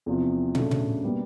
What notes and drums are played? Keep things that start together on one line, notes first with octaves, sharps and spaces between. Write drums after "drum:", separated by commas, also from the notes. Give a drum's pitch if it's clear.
E2 C3 F3
C#3 F#3 A3 D4, drum: tom
drum: tom
B2 G3 A#3